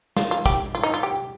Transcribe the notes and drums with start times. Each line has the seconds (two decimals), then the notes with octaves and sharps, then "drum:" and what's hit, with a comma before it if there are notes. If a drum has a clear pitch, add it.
0.17 F4, drum: snare
0.31 F4
0.46 G4, drum: kick
0.75 F4
0.83 D#4
0.94 F4
1.03 G4